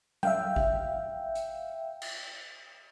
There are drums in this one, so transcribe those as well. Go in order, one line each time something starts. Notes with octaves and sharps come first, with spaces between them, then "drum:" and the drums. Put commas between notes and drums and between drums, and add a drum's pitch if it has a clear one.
E5 F5 G5, drum: tom F#3
drum: kick G#1
drum: hi-hat
drum: cymbal